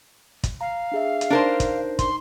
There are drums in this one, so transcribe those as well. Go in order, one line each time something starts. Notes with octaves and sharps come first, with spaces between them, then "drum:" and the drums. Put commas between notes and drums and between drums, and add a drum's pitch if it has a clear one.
drum: kick, hi-hat
F5 A#5
D4 G#4 E5
drum: hi-hat
D4 D#4 A#4 C5
drum: kick, hi-hat
C6, drum: kick, hi-hat